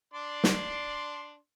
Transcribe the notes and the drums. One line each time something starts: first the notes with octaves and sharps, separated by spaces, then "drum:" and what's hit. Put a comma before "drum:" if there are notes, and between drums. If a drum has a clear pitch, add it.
D4 D5 C6
drum: snare